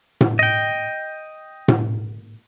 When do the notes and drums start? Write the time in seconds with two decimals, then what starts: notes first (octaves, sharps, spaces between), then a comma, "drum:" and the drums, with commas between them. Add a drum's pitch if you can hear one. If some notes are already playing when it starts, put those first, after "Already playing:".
0.21 drum: tom A2
0.39 D#5 G5
1.68 drum: tom A2